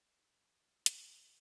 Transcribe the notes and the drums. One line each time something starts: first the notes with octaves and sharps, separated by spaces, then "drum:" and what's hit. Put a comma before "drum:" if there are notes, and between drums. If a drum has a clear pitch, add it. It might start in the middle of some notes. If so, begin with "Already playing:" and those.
Already playing: A#4
D#3
F#2
D#3
D#3
F#2
A2 A4, drum: hi-hat
A2
A2 G4